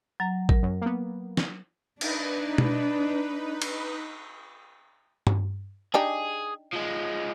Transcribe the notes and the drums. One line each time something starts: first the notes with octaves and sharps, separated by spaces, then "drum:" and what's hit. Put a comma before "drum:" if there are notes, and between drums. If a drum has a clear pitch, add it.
F#3 A#5
A#4, drum: kick A1
F#2
A#3 B3
drum: snare
D4 D#4 B4, drum: cymbal
drum: tom B2
drum: cymbal
drum: tom G2
D4 D#4 G4 G#4
F3 G#3